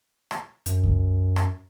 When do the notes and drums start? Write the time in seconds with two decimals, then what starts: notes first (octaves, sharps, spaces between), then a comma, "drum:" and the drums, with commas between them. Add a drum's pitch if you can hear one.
0.31 drum: rim click
0.66 F#2, drum: hi-hat
0.84 drum: kick C2
1.36 drum: rim click